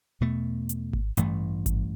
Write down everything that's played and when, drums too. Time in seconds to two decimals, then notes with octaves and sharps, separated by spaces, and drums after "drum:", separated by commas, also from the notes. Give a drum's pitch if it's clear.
0.21 E2 B2 A3
0.69 drum: hi-hat
0.93 drum: kick G#1
1.17 A1 G2 E3 A3, drum: hi-hat
1.66 drum: kick G#1, hi-hat